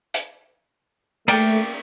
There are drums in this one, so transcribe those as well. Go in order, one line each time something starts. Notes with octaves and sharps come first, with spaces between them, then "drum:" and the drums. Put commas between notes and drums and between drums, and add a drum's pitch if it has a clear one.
drum: hi-hat
A3 A#3 D5 G5, drum: cymbal